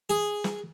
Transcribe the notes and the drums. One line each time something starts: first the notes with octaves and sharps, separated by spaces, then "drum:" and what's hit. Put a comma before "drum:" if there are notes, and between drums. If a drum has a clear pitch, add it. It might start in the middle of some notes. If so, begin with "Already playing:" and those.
G#4
drum: snare